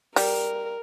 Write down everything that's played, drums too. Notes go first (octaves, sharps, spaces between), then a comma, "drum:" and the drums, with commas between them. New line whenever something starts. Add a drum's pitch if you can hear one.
G3 A#4, drum: open hi-hat